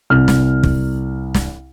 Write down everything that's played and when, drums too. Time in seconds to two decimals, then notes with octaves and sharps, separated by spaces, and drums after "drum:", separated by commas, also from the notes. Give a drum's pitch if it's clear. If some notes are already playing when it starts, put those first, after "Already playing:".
0.10 C2 F6
0.28 drum: snare
0.63 drum: kick
1.35 drum: snare